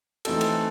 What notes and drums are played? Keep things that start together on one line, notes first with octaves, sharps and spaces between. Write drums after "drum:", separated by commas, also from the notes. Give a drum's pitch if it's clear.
E3 A3 C4 D#4 F#4 A4, drum: cymbal
A4, drum: cymbal